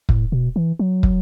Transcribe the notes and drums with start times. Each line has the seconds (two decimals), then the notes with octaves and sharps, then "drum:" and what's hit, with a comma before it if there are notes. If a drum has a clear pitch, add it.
0.09 A2, drum: kick
0.32 B2
0.56 E3
0.79 F#3
1.03 drum: kick